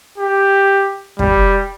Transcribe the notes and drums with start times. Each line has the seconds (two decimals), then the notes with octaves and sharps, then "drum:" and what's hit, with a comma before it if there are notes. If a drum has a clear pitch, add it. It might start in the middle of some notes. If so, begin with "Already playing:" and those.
0.18 G4
1.19 G3, drum: kick